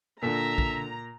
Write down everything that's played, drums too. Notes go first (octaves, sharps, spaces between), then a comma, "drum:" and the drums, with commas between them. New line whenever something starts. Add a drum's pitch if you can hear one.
A#2 D3 A4 E5 A#5
drum: kick